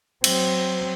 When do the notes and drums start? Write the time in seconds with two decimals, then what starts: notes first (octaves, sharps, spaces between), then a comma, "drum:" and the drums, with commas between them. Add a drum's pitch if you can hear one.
0.24 F#3 C4, drum: cymbal